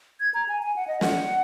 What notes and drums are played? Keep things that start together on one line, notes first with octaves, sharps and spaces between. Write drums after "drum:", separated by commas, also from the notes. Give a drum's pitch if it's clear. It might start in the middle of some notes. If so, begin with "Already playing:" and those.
G#6
A#5
G#5
G#5
F#5
D#5
F#5, drum: snare